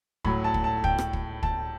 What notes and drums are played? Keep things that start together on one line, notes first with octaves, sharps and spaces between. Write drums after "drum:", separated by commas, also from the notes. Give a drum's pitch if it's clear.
A2 F#3 B5, drum: kick
A5
drum: kick
A5
G5, drum: kick
drum: rim click
drum: kick
A5, drum: kick